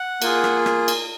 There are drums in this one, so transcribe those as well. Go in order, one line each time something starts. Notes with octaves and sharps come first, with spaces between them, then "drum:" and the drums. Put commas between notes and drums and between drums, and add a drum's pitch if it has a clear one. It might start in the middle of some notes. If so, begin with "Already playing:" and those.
Already playing: F#5
A#3 F4 G#4, drum: cymbal
drum: rim click
drum: rim click
drum: cymbal